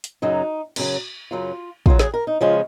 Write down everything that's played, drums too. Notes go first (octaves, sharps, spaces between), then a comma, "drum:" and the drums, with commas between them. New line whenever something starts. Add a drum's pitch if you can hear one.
drum: hi-hat
F#2 C#3 F#3 D#4
F#2 C#3 F#3, drum: cymbal
F#2 C#3 F#3 F4
F#2 C#3 F#3 F4, drum: kick
G#4, drum: snare
A#4
D#4
C#3 F3 G#3 C#4 F4